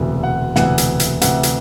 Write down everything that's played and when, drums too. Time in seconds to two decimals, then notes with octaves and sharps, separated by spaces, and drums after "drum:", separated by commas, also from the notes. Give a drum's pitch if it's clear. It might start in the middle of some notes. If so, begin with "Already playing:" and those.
Already playing: E1 D2 C3 E3
0.23 F#5
0.56 E1 D2 C3 E3 F#5, drum: snare
0.78 drum: hi-hat
1.00 drum: hi-hat
1.21 D2 C3 E3 F#5, drum: hi-hat
1.43 drum: hi-hat